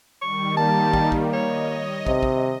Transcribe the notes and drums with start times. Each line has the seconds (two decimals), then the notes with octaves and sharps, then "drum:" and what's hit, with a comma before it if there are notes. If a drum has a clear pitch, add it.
0.21 D#3 G3 C#6
0.57 A#3 A5
0.93 drum: kick
1.12 drum: kick
1.33 C#5 D#5
2.07 C3, drum: kick
2.23 drum: kick